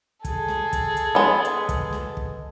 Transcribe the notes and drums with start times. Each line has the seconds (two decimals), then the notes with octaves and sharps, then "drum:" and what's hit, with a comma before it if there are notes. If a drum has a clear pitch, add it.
0.25 G#4 A4, drum: kick, hi-hat
0.49 drum: snare
0.73 drum: kick, hi-hat
0.97 drum: hi-hat
1.15 G#3 B3
1.45 drum: hi-hat
1.69 drum: kick, hi-hat
1.93 drum: snare
2.17 drum: kick